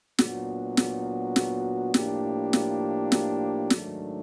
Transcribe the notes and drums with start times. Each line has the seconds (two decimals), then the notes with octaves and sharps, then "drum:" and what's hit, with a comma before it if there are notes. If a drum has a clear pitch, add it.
0.19 A#2 F#3 B3 D4 F#4, drum: snare
0.77 drum: snare
1.36 drum: snare
1.94 A2 F3 A#3 D4 G4, drum: snare
2.53 drum: snare
3.12 drum: snare
3.70 G#2 D#3 F#3 A3 D4, drum: snare